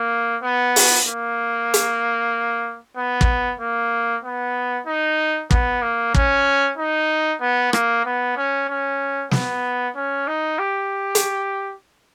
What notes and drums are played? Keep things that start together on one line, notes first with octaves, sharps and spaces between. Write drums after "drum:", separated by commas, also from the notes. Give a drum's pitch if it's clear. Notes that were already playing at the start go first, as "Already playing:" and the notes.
Already playing: A#3
B3
drum: open hi-hat
A#3
drum: hi-hat
B3
drum: kick
A#3
B3
D#4
B3, drum: kick
A#3
C#4, drum: kick
D#4
B3
A#3, drum: rim click
B3
C#4
C#4
B3, drum: snare
C#4
D#4
G4
drum: hi-hat